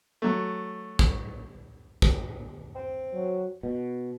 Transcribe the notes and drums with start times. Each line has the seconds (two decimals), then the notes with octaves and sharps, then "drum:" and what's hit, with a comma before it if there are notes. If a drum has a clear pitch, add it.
0.22 F#3 A3
0.99 drum: kick
2.02 drum: kick
2.75 C4
3.13 F#3
3.63 B2